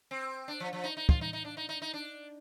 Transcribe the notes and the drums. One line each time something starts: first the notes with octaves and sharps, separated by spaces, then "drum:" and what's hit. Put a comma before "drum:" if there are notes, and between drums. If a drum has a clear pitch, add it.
C4
D4
F3
F3
D#4
D#4
F4, drum: kick
D#4
D#4
D4
D#4
D#4
D#4
D4